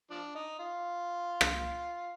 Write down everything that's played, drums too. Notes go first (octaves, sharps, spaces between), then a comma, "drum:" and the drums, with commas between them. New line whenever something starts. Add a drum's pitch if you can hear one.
F3 D4
D#4
F4
drum: rim click